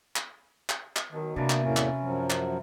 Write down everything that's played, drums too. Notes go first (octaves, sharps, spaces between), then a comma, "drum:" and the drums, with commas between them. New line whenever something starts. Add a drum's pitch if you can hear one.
drum: clap
drum: clap
drum: clap
B2 D#3 F#3
C3 E3 A#3 D4 F4 A#4
drum: clap
E2 A2 A#3 C#4
drum: clap
F#2 F3 F#3
drum: clap